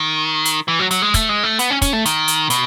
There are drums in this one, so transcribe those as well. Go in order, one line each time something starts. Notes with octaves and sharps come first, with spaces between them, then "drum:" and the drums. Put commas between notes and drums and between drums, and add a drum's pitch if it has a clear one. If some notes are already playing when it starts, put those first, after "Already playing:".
Already playing: D#3
drum: hi-hat
E3
F#3
F#3, drum: hi-hat
G#3
A3, drum: kick, hi-hat
G#3
A3
B3, drum: hi-hat
C#4
C#4, drum: kick, hi-hat
A3
D#3, drum: hi-hat
drum: hi-hat
B2, drum: hi-hat